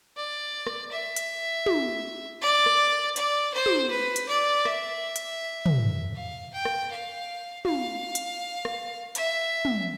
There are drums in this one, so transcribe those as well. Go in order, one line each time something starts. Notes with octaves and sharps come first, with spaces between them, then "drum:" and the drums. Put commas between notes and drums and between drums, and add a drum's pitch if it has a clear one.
D5
drum: rim click
E5
drum: hi-hat
drum: tom
D5
drum: rim click
D5, drum: hi-hat
C5
drum: tom
B4
drum: hi-hat
D5
E5, drum: rim click
drum: hi-hat
drum: tom
F5
G5
drum: rim click
F5
F5, drum: tom
drum: hi-hat
drum: rim click
E5, drum: hi-hat
drum: tom